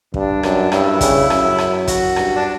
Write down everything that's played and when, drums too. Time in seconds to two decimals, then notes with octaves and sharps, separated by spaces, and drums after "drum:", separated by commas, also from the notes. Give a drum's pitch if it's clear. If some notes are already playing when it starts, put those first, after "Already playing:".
0.14 G2 D4, drum: kick
0.43 F#2, drum: rim click
0.72 G2 E4, drum: rim click
1.01 C#3, drum: kick, hi-hat
1.30 F#2, drum: rim click
1.58 drum: rim click
1.87 F#4, drum: kick, hi-hat
2.16 G2, drum: rim click
2.35 D4